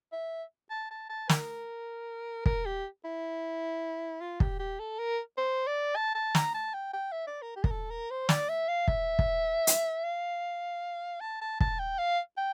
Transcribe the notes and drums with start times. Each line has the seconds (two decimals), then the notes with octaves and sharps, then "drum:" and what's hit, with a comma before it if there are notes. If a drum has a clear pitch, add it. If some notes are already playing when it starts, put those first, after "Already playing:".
0.12 E5
0.70 A5
0.91 A5
1.09 A5
1.29 A#4, drum: snare
2.46 A#4, drum: kick
2.66 G4
3.05 E4
4.21 F4
4.40 G4, drum: kick
4.59 G4
4.79 A4
4.99 A#4
5.38 C5
5.67 D5
5.96 A5
6.15 A5
6.35 A#5, drum: snare
6.54 A5
6.74 G5
6.93 G5
7.12 E5
7.27 D5
7.42 A#4
7.56 G4
7.64 A#4, drum: kick
7.71 A4
7.90 A#4
8.10 C5
8.29 D5, drum: snare
8.49 E5
8.68 F5
8.88 E5, drum: kick
9.19 drum: kick
9.67 drum: hi-hat
10.04 F5
11.20 A5
11.41 A5
11.60 A5, drum: kick
11.79 G5
11.98 F5
12.37 G5